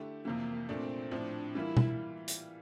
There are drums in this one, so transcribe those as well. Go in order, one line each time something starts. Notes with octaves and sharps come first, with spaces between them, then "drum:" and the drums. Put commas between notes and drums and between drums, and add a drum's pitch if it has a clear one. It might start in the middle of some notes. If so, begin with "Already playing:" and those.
Already playing: D3 A3 E4 G4
F2 C3 E3 A#3
A#2 A3 C4 D4
A2 F3 C4 D4
E3 G3 A#3 E4 F4
drum: tom B2
drum: hi-hat